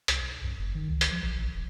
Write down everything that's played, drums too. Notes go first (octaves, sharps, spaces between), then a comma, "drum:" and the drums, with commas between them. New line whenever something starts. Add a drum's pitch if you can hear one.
C2, drum: hi-hat
B1
F#2
F#1
D#3
C#2
drum: hi-hat
F3
A#1
A1
E1